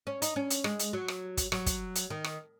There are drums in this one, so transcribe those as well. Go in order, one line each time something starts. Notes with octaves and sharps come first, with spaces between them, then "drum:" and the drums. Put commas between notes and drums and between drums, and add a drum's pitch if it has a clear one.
C#4
D#4, drum: hi-hat
C#4
drum: hi-hat
G#3, drum: rim click
drum: hi-hat
F#3
drum: rim click
drum: kick, hi-hat
F#3, drum: rim click
drum: kick, hi-hat
drum: hi-hat
D#3
drum: rim click